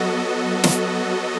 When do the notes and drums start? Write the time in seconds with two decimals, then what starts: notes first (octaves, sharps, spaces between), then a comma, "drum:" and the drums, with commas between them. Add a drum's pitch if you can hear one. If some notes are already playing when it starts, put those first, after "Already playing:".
Already playing: F#3 B3 F#4 A4 D#5
0.64 drum: snare